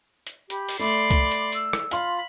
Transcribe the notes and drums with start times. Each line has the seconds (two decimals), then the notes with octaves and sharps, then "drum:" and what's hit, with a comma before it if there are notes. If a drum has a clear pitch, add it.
0.27 drum: hi-hat
0.50 G4 B5, drum: hi-hat
0.69 drum: open hi-hat
0.79 A3 D5 B5 C6 D6
1.10 drum: kick C2, hi-hat
1.31 drum: hi-hat
1.52 E6, drum: hi-hat
1.73 drum: rim click
1.91 F4 F5 B5 C6, drum: hi-hat